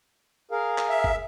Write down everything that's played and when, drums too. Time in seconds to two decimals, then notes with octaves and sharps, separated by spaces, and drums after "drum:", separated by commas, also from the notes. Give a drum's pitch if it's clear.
0.51 G#4 A#4 F5
0.78 drum: clap
0.89 E5
1.04 drum: kick G1